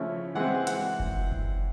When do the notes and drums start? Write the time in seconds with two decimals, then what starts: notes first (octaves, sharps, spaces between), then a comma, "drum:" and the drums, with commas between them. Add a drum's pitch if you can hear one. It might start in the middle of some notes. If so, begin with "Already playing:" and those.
Already playing: C#3 F3 A3 C#4 E4
0.35 E3 G#3 C4 F#5
0.67 F#5, drum: hi-hat
1.00 drum: kick F#1
1.32 drum: kick F#1